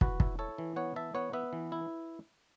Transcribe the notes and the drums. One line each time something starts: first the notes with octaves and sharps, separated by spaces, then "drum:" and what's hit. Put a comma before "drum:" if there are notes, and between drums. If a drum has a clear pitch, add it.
E3 F#4 B4, drum: kick
E4, drum: kick
E4 A4 C#5
E3
B3 C#5 F#5
E3 E5 A5
B3 C#5 F#5
B3 B4 E5
E3
E4